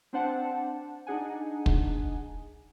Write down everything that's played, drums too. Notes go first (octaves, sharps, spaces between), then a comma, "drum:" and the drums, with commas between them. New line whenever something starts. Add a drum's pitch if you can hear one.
C4 D4 C5 F#5 A5
D4 D#4 G#4 F#5 G#5
drum: kick